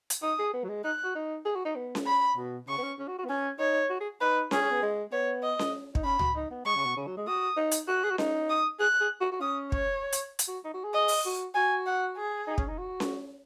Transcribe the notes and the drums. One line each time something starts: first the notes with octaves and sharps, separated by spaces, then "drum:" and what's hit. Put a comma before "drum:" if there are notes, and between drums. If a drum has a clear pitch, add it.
drum: hi-hat
D#4 D#6
G#4
B3
F#3
G#3
D#4 F#6
F#4
D#4
G#4
F#4
D#4
B3
drum: snare C#4
B5
B2
C#3 C#6
B3
C#4
C#4
F#4
F#4
B3
C#4 G#5
D#4 C#5
F#4
G#4
D#4 B4
C#4 G#4, drum: snare C#4
C#4
B3
G#3
B3 C#5
D#5
drum: snare C#4
D#4, drum: kick
C#4 B5
F#4, drum: tom C#2
D#4
B3
G#3 C#6
C#3
B2
C#3
F#3
G#3
F#4 D#6
D#4
drum: hi-hat
F#4 F#6
G#4
F#4
D#4, drum: snare C#4
D#6
G#4 F#6
G#4
F#4
F#4
C#4 D#6
C#5, drum: kick
drum: hi-hat
drum: hi-hat
F#4
D#4
F#4
G#4
D#5
drum: open hi-hat
F#4
F#4 G#5
F#5
G#4
D#4
C#4, drum: kick
D#4
F#4
drum: snare C#4